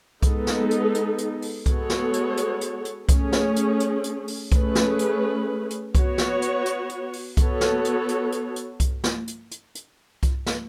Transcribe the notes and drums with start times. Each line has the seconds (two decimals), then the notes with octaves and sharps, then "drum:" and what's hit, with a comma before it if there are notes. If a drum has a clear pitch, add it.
0.23 G#3 B3 D#4 A4, drum: kick C2, hi-hat
0.47 drum: snare
0.71 drum: hi-hat
0.94 drum: hi-hat
1.18 drum: hi-hat
1.42 drum: open hi-hat
1.66 G#3 B3 F#4 A4 C#5, drum: kick C2, hi-hat
1.90 drum: snare
2.13 drum: hi-hat
2.37 drum: hi-hat
2.61 drum: hi-hat
2.85 drum: hi-hat
3.09 A3 C#4 G#4, drum: kick C2, hi-hat
3.32 drum: snare
3.56 drum: hi-hat
3.80 drum: hi-hat
4.04 drum: hi-hat
4.28 drum: open hi-hat
4.52 A3 C#4 G#4 B4, drum: kick C2, hi-hat
4.75 drum: snare
4.99 drum: hi-hat
5.70 drum: hi-hat
5.95 B3 F#4 C#5, drum: kick C2, hi-hat
6.18 drum: snare
6.42 drum: hi-hat
6.66 drum: hi-hat
6.89 drum: hi-hat
7.13 drum: open hi-hat
7.37 B3 F#4 A4 C#5, drum: kick C2, hi-hat
7.61 drum: snare
7.85 drum: hi-hat
8.08 drum: hi-hat
8.32 drum: hi-hat
8.56 drum: hi-hat
8.80 drum: kick C2, hi-hat
9.04 drum: snare
9.27 drum: hi-hat
9.51 drum: hi-hat
9.75 drum: hi-hat
10.23 drum: kick C2, hi-hat
10.46 drum: snare